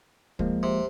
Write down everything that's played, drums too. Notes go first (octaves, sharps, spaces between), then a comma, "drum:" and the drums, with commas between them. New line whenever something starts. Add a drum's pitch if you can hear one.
F3 G#3 A#3, drum: kick
C3